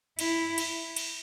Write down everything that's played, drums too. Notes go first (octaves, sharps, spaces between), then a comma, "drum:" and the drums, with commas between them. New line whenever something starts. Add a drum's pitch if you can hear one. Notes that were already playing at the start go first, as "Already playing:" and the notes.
E4, drum: cymbal
drum: cymbal
drum: cymbal